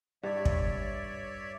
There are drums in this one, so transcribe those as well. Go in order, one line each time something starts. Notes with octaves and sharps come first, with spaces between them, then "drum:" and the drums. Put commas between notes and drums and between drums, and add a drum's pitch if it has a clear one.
G2 C#5 D5 E5
drum: kick